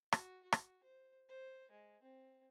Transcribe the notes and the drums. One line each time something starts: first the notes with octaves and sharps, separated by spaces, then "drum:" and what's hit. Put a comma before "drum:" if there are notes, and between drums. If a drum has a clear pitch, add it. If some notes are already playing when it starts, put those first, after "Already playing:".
F#4, drum: rim click
F#4
drum: rim click
C5
C5
G#3
C4